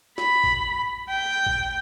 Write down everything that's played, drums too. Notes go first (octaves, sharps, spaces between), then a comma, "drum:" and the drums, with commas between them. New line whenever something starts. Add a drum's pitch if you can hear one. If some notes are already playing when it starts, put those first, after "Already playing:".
B5, drum: snare
drum: kick
G5
drum: kick